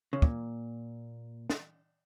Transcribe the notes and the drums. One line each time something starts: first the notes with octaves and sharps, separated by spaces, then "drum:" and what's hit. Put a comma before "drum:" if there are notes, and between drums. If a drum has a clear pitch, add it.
C#3
A#2, drum: kick
drum: snare